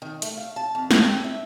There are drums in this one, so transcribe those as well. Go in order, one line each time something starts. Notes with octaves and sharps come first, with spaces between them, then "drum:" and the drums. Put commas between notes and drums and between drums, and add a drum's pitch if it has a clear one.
D#3
A3, drum: hi-hat
F5
A5
F2
G4, drum: snare
C4
E5